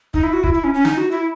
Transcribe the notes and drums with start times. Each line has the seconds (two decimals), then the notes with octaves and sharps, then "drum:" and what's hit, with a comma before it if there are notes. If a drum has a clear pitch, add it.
0.14 D#4, drum: kick
0.23 E4
0.33 F#4
0.44 E4, drum: kick
0.54 E4
0.64 C#4
0.74 C#4
0.85 D#4, drum: snare
0.98 F#4
1.11 E4